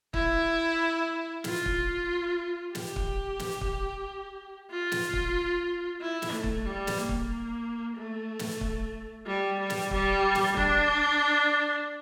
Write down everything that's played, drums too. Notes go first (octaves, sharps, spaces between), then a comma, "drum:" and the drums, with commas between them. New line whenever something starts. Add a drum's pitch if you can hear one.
E4, drum: kick
F4, drum: snare
drum: kick
G4, drum: snare
drum: kick
drum: snare
drum: kick
F4
drum: snare
drum: kick
E4
drum: snare
A3
drum: kick
G3
drum: snare
A#3
drum: kick
A3
drum: snare
drum: kick
G3
G3
drum: snare
G3, drum: kick
drum: snare
D4, drum: kick